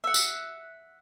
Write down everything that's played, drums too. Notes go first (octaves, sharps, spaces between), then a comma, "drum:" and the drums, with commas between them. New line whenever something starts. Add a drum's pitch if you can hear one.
E5 F#5
drum: tambourine